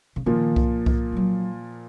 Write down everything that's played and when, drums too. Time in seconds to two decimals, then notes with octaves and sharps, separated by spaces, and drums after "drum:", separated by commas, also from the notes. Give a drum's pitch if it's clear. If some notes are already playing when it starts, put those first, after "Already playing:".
0.16 C#3
0.26 A#2 D#3 F3 A#3
0.56 drum: kick C2
0.86 drum: kick C2
1.12 F3
1.17 F#3